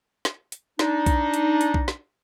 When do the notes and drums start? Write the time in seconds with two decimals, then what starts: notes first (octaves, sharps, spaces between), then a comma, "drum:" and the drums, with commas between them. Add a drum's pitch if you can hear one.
0.25 drum: snare
0.52 drum: hi-hat
0.79 D4 D#4, drum: snare
1.06 drum: kick B1, hi-hat
1.34 drum: hi-hat
1.61 drum: hi-hat
1.74 drum: kick B1
1.88 drum: snare